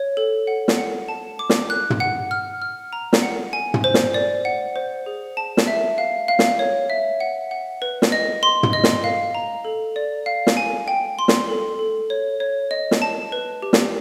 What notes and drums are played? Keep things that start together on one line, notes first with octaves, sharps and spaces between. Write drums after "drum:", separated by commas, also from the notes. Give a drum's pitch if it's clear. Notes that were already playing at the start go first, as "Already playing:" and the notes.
Already playing: C#5
A4
F#5
drum: snare
F#5
A5
D6
drum: snare
F#6
drum: tom
F#5
F6
F6
A#5
drum: snare
F#5
G#5
drum: tom
C5
drum: snare
D5
F#5
C5
G#4
A5
drum: snare
E5
F5
F5
drum: snare
C#5
E5
F#5
F#5
B4
drum: snare
D#5
C6
drum: tom
D#5
drum: snare
F5
A#5
A4
D5
F5
drum: snare
G#5
G5
C6
drum: snare
A4
A4
C#5
C#5
D#5
drum: snare
A5
B4
G4
drum: snare